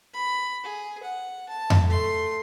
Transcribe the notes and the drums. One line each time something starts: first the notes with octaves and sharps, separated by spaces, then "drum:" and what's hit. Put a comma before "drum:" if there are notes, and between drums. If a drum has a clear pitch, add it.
B5
G#4
F#5
A5
drum: tom F2
A3 C6